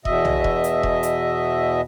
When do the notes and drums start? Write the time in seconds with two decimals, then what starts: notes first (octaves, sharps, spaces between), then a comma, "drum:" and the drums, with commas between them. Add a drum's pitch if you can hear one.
0.05 E2 B2 D#5 E5, drum: kick E1
0.25 drum: tom B1
0.44 drum: kick E1
0.64 drum: hi-hat
0.83 drum: kick E1
1.03 drum: hi-hat